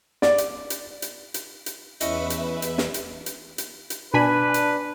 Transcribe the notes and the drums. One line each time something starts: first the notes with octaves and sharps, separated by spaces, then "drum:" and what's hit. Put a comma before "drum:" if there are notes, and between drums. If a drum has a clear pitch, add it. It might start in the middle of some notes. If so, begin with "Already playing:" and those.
D5, drum: snare
drum: hi-hat
drum: hi-hat
drum: hi-hat
drum: hi-hat
drum: hi-hat
E2 C#4 E4 B4 D#5 E5, drum: hi-hat
drum: hi-hat
drum: hi-hat
drum: snare
drum: hi-hat
drum: hi-hat
drum: hi-hat
drum: hi-hat
B2 D4 B4 G#5 B5
drum: hi-hat